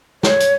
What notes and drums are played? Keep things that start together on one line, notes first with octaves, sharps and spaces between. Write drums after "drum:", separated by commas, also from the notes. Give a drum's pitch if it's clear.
C#5, drum: snare
drum: hi-hat